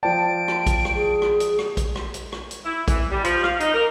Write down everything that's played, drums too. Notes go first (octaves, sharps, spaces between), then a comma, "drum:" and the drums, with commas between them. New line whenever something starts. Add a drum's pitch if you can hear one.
F3 D5 G5 A5 D7
drum: rim click
drum: kick A#1, hi-hat
drum: rim click
G#4
drum: rim click
drum: hi-hat
drum: rim click
drum: kick A#1, hi-hat
drum: rim click
drum: hi-hat
drum: rim click
drum: hi-hat
E4
E3, drum: kick A#1, hi-hat
G3
F3, drum: hi-hat
F5, drum: rim click
D#4, drum: hi-hat
A#4